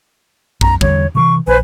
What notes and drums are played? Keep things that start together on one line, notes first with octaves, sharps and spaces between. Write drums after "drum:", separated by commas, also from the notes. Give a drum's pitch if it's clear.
B1 F#2 A#5, drum: kick
E2 D3 G3 C#5, drum: kick
C3 D#3 E3 C#6
A#1 B4 C5 G#5